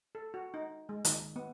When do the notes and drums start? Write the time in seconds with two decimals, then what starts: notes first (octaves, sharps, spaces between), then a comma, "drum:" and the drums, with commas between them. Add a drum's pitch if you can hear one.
0.15 A4
0.34 F#4
0.54 D#4
0.89 G#3
1.05 D#3, drum: hi-hat
1.36 B3